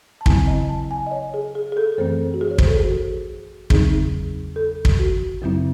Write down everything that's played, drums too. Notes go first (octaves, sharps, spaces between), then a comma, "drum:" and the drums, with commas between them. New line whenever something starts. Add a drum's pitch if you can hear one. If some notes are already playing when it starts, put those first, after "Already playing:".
A5
C#3 F#3 C4 E4 G#5, drum: kick
D#5
A5
G#5
D#5
C#5
G#4
G#4
G#4
A4
A4
F#2 E3 A3 C4 C5
F#4
G#4
C#5
C5, drum: kick
A4
G#4
F#4
E2 C#3 F#3 C4 D#4 G#4, drum: kick
A4
drum: kick
F#4
F#2 C#3 F#3 C4 E4